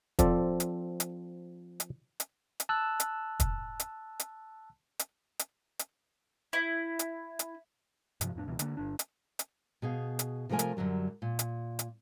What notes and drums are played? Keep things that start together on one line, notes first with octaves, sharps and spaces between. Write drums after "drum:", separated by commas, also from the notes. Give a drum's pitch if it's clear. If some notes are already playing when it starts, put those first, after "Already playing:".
F3 C4 A4 D5, drum: kick, hi-hat
drum: hi-hat
drum: hi-hat
drum: hi-hat
drum: hi-hat
drum: hi-hat
A5 E6 F#6
drum: hi-hat
drum: kick, hi-hat
drum: hi-hat
drum: hi-hat
drum: hi-hat
drum: hi-hat
drum: hi-hat
E4
drum: hi-hat
drum: hi-hat
G2 C3 E3 F3, drum: hi-hat
F2 A2 C#4 D4
C#2 B2 E3
D3 A#3, drum: hi-hat
G1 D4
drum: hi-hat
drum: hi-hat
B2 G#4 F5
drum: hi-hat
C3 F3 A3 A#4 G#5
drum: hi-hat
F#2 D3 F#3 G3
A#2
drum: hi-hat
drum: hi-hat